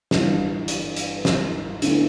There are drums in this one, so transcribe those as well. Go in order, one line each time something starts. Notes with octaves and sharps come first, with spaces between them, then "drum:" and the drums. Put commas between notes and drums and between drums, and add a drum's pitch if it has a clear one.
G1 G2 E3, drum: snare
drum: hi-hat
drum: hi-hat
drum: snare
D2 D3 B3 E4, drum: hi-hat